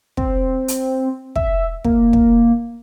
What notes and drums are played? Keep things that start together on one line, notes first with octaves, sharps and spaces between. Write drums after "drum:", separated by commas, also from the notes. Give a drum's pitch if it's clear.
C4, drum: kick
drum: hi-hat
E5, drum: kick
A#3, drum: kick
drum: kick